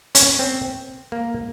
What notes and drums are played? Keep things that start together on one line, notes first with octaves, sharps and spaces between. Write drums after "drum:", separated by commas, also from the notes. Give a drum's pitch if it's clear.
C#4, drum: hi-hat
C4
A#3